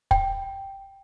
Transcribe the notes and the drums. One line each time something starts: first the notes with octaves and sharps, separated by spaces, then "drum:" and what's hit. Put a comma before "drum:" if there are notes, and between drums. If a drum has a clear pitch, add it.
G5, drum: kick